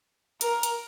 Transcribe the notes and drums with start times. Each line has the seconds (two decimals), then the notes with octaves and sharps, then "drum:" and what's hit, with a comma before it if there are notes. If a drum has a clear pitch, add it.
0.41 A#4, drum: hi-hat
0.63 drum: hi-hat